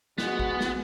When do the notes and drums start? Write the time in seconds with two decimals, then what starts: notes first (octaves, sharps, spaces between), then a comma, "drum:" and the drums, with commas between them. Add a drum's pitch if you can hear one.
0.18 G#3 B3 F#4, drum: snare
0.39 drum: kick A1
0.61 drum: snare